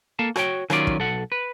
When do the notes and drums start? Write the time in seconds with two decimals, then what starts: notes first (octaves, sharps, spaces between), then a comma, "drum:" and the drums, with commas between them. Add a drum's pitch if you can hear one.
0.19 A#3 A4 F5 A5
0.36 F#4 C#5 G5, drum: rim click
0.70 D#3 F#3 C#4 F4 G#4 D5, drum: rim click
0.87 drum: kick
0.99 B1 A4 F#5
1.32 B4